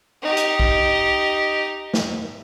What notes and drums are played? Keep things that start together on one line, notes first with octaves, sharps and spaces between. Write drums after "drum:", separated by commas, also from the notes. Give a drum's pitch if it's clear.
D#4 G4
drum: hi-hat
drum: kick B1
drum: snare